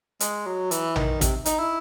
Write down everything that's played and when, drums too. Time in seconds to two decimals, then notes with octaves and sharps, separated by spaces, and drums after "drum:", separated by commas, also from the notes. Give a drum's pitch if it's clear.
0.20 G#3, drum: hi-hat
0.46 F#3
0.71 E3, drum: hi-hat
0.96 D#3, drum: tom A#1
1.21 C3, drum: kick, hi-hat
1.45 D#4, drum: hi-hat
1.59 E4